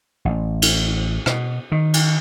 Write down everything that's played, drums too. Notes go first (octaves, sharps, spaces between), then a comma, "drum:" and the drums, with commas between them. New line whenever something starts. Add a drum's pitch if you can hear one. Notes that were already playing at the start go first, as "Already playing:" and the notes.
A1
drum: cymbal
B2, drum: rim click
D#3
drum: cymbal